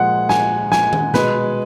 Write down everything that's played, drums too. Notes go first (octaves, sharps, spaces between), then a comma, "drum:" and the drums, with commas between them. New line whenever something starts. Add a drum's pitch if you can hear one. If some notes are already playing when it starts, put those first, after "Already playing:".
Already playing: A#2 F3 G#3 F#5
G#5, drum: snare
G#5, drum: snare
drum: tom D#3
B2 G#3 B4, drum: snare